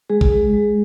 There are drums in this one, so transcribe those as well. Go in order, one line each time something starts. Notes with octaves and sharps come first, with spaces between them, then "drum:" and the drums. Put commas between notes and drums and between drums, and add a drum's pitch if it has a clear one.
G#3 G#4
drum: kick A#1
G#3
G#3